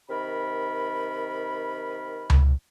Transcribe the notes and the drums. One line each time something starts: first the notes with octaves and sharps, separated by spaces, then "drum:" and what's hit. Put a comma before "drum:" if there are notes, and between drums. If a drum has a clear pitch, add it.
C3 D#3 A#4 B5
drum: tom C#2